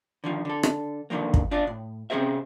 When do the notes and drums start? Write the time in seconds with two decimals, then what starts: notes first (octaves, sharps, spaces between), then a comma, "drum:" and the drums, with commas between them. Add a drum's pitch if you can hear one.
0.24 D3 D#3 F3
0.45 D3 A4
0.63 drum: rim click
1.10 B1 F2 D3 D#3 F3 A#3
1.34 drum: kick
1.51 D4 F4 D5
1.67 A2
2.10 C3 C4 C#4 G#4 C5 E5